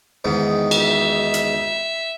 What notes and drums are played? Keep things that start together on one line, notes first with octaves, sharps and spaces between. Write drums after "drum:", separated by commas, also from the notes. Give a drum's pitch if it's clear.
E2 G#2 D#3
drum: cymbal
E5
drum: hi-hat